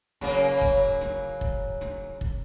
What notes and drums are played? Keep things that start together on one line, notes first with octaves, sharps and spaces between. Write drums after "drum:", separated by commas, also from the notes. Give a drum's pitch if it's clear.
C#3 F#3 A#3, drum: snare
drum: kick
drum: snare
drum: kick
drum: snare
drum: kick